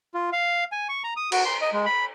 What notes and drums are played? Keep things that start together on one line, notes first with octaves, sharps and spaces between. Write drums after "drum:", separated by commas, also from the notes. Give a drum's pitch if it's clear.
F4
F5
G#5
C#6
A#5
D#6
F#4, drum: cymbal
C6
D#5
G#3
B5